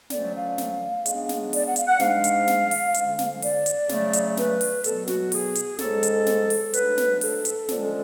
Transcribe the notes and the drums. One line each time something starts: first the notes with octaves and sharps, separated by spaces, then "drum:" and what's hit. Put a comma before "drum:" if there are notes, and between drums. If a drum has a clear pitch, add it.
F2 D3 F#3 A3 C#4 D5, drum: snare
F5
drum: snare
C#3 G#3 B3 D4, drum: hi-hat
drum: snare
D5, drum: open hi-hat
F#5
F5, drum: hi-hat
F#5
G#2 G#3 D4 F5, drum: snare
drum: hi-hat
drum: snare
drum: open hi-hat
F2 D3 G#3 C#4, drum: hi-hat
drum: snare
D5, drum: open hi-hat
drum: hi-hat
C#3 F#3 A3, drum: snare
drum: hi-hat
B4, drum: snare
drum: open hi-hat
B2 F#3 B3 A4, drum: hi-hat
F#4, drum: snare
G#4, drum: open hi-hat
drum: hi-hat
G#2 G#3 C#4 A4, drum: snare
drum: hi-hat
drum: snare
drum: open hi-hat
G#2 F#3 A3 D4 B4, drum: hi-hat
drum: snare
A4, drum: open hi-hat
drum: hi-hat
D3 F3 G#3 C#4, drum: snare